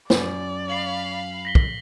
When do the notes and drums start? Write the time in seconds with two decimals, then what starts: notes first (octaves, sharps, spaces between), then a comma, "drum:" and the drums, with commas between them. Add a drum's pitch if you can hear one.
0.10 F#2 D5, drum: snare
0.70 F5 B5 C7 F#7
1.45 A#6 B6 G7
1.55 drum: kick